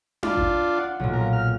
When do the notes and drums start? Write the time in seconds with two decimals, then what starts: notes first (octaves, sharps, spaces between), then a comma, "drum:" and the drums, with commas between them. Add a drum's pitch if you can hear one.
0.23 D4 F4, drum: tom D#4
0.36 drum: kick G#1
0.78 F#5
1.00 B1 A#2
1.13 A#4
1.33 F6